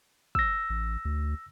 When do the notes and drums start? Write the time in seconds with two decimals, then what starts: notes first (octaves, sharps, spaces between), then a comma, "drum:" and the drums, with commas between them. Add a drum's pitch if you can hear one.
0.35 E6 A#6, drum: kick
0.70 A1
1.05 D2